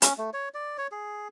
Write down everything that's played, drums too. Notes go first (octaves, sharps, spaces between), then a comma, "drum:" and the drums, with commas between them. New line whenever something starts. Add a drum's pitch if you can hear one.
C#4, drum: hi-hat
A3
C#5
D5
C#5
G#4